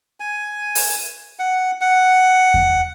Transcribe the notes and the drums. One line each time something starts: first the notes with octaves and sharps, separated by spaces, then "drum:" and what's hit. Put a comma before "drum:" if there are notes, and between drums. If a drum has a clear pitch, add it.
G#5
drum: open hi-hat
F#5
F#5
drum: kick E2